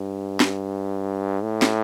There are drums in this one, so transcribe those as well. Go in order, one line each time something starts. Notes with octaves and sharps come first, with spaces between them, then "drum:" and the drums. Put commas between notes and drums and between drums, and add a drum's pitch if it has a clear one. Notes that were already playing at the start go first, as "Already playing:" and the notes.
Already playing: G2
drum: snare
A2
drum: snare